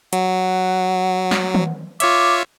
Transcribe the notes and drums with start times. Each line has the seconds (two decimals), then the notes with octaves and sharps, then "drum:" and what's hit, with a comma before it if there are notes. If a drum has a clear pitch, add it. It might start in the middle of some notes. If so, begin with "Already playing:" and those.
0.13 F#3 F#5, drum: hi-hat
1.31 drum: snare
1.55 drum: tom
2.00 F4 C#5 E5 D6, drum: hi-hat